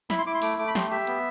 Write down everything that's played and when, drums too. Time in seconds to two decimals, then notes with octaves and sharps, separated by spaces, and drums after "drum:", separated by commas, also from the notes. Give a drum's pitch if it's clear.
0.10 E4 B5, drum: snare
0.18 C6
0.26 E4 D6
0.34 C6
0.42 A3 D6, drum: open hi-hat
0.58 A3 D6
0.68 B5
0.75 G4 C6, drum: snare
0.90 G4 E5
1.07 B3, drum: hi-hat